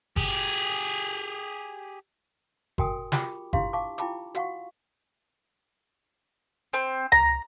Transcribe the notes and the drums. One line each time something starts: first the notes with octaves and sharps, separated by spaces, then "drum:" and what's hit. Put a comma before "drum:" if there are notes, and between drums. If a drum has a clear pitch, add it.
G4 G#4, drum: kick G1
F#4 A#4 G5 G#5 D#6, drum: kick G1
F4 G4 G5 B5 D6, drum: snare
D4 E4 G4 F5 C6, drum: kick G1
F5 A5 C#6 D6
E4 F4 G5 A5 B5 D6, drum: hi-hat
F#4 F5 F#5 C#6, drum: hi-hat
C4, drum: hi-hat
A#5, drum: tom C#2